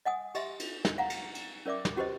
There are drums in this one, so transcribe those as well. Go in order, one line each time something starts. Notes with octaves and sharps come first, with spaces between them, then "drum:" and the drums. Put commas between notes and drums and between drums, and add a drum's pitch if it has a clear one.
D#5 F#5 G#5 D#6
G4 D#5 E5 C6, drum: cymbal
drum: cymbal
drum: snare
F5 F#5 A#5
drum: cymbal
drum: cymbal
C#4 A#4 D5 E5 D6
drum: snare
C#4 F#4 G4 B4 C5 D#5